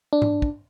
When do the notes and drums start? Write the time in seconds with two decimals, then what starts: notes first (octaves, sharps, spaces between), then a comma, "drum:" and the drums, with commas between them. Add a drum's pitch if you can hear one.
0.13 D4
0.22 drum: tom G#2
0.42 drum: kick